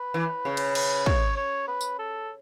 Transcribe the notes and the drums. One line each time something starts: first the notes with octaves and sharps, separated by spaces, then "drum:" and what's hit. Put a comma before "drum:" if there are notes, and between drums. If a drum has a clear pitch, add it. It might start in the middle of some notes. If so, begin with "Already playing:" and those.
Already playing: B4
E3
C#3
drum: cymbal
B4, drum: cymbal
C#5, drum: kick
C#5
B4
drum: tambourine
A4